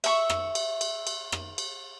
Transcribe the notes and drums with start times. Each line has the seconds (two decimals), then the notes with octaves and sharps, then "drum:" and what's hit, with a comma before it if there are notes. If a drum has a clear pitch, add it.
0.04 E5 C#6, drum: cymbal
0.30 drum: rim click
0.55 drum: cymbal
0.81 drum: cymbal
1.07 drum: cymbal
1.32 drum: rim click
1.58 drum: cymbal